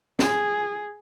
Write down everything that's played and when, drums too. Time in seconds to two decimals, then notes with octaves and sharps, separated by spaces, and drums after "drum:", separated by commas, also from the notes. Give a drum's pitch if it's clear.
0.19 G#4, drum: snare